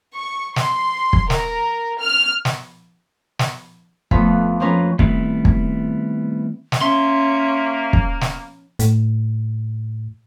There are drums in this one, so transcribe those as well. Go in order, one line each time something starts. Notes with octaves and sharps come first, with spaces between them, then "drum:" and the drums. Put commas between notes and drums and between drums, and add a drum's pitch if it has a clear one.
C#6
C6, drum: snare
drum: kick
A#4, drum: snare
F6
drum: snare
drum: snare
F2 A3 B3 F5 B5, drum: kick
F3 A#3 C#4 A#4 B4
D#3 G3 A3 B3 C4 E4, drum: kick
drum: kick
drum: snare
A#3 C#4 E5 C6
drum: kick
drum: snare
A2, drum: hi-hat